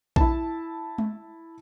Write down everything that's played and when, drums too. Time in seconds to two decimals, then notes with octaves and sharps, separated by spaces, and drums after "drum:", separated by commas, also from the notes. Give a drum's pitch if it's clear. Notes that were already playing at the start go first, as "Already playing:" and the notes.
0.16 E4 A5, drum: kick A#1
0.98 drum: tom G#3